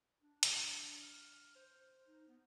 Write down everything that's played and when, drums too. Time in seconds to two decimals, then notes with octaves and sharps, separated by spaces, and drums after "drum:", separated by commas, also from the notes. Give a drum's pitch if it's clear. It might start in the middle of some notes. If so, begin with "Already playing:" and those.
0.22 D4
0.43 drum: hi-hat
1.02 F6
1.56 C5
2.07 D#4
2.28 B3